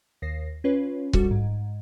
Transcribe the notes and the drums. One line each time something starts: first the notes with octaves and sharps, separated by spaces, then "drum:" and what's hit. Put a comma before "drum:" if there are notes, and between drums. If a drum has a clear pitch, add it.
D#2 A#6 C7
C#4 F4 B4 C#5
A#1 F#2 G3 F#4 A4, drum: kick C#1
G#2